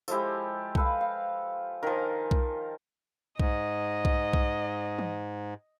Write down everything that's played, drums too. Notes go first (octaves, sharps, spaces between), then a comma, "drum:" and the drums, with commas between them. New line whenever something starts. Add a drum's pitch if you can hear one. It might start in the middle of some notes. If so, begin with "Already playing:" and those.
F3 G#3 E4 G4 A4, drum: tambourine
A4 B4 F5, drum: kick B1
F5
D#3 F3 A#4 G#5
drum: kick B1
G#2 D#5, drum: kick B1
drum: kick B1
drum: kick B1
drum: tom E3